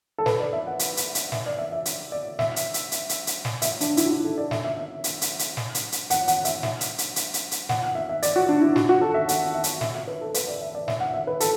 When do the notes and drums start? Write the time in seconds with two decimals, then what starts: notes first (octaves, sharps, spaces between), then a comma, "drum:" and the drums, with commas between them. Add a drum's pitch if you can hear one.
0.18 A4
0.26 B4, drum: snare
0.40 D5
0.53 E5
0.67 F#5
0.79 drum: hi-hat
0.97 drum: hi-hat
1.15 drum: hi-hat
1.32 E5, drum: snare
1.46 D5
1.58 E5
1.72 E5
1.85 drum: hi-hat
2.12 D5
2.39 E5, drum: snare
2.56 drum: hi-hat
2.74 drum: hi-hat
2.92 drum: hi-hat
3.09 drum: hi-hat
3.27 drum: hi-hat
3.45 drum: snare
3.62 E5, drum: hi-hat
3.81 D4, drum: hi-hat
3.97 E4, drum: hi-hat
4.05 F#4
4.11 E4
4.24 A4
4.38 D5
4.51 E5, drum: snare
4.64 E5
4.77 E5
5.04 drum: hi-hat
5.22 drum: hi-hat
5.39 drum: hi-hat
5.57 drum: snare
5.75 drum: hi-hat
5.92 drum: hi-hat
6.10 F#5, drum: hi-hat
6.28 F#5, drum: hi-hat
6.45 E5, drum: hi-hat
6.63 E5, drum: snare
6.81 drum: hi-hat
6.98 drum: hi-hat
7.16 drum: hi-hat
7.34 drum: hi-hat
7.51 drum: hi-hat
7.69 F#5, drum: snare
7.83 F#5
7.95 E5
8.09 E5
8.23 D5, drum: hi-hat
8.36 F#4
8.49 D4
8.61 E4
8.76 F#4, drum: snare
8.89 F#4
9.01 A4
9.14 E5
9.29 F#5, drum: hi-hat
9.55 E5
9.64 drum: hi-hat
9.81 E5, drum: snare
9.95 E5
10.07 B4
10.21 A4
10.34 B4, drum: hi-hat
10.48 D5
10.61 E5
10.75 D5
10.88 E5, drum: snare
11.00 F#5
11.14 E5
11.27 B4
11.40 A4, drum: hi-hat